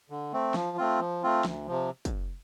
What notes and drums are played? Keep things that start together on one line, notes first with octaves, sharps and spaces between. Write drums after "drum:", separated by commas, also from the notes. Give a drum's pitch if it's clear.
D3
A3 C4
F3, drum: snare
A3 C4 F4
F3
A3 C4 F4
D2, drum: snare
C3 F3
drum: kick, hi-hat